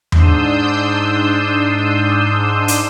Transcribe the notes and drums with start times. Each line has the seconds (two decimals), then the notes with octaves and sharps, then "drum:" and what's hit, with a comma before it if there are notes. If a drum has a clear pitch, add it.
0.12 G#2 D4 C6 D#6 E6 G6, drum: tom E2
2.68 drum: hi-hat